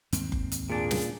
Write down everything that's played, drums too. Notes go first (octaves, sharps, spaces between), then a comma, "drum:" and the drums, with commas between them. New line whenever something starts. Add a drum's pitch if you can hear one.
D#2 G#2 C4, drum: hi-hat
drum: kick F#1
drum: hi-hat
A#2 D4 G#4
drum: snare